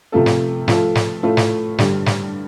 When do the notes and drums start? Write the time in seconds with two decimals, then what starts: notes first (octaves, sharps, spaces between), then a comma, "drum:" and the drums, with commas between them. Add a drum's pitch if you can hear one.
0.12 C3 F3 A3 F4 A4
0.26 drum: snare
0.68 F3 A3 F4 A4, drum: snare
0.95 drum: snare
1.23 A2 A3 F4 A4
1.37 drum: snare
1.78 G2 D3 G3, drum: snare
2.06 drum: snare